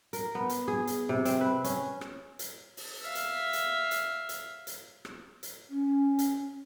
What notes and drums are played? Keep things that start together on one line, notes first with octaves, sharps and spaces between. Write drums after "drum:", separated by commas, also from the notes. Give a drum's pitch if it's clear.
A#4, drum: hi-hat
B3
drum: hi-hat
G#4
drum: hi-hat
C3
C4, drum: hi-hat
B4
C#4, drum: hi-hat
drum: rim click
drum: hi-hat
drum: open hi-hat
E5 F5
drum: hi-hat
drum: hi-hat
drum: hi-hat
drum: hi-hat
drum: hi-hat
drum: rim click
drum: hi-hat
C#4
drum: hi-hat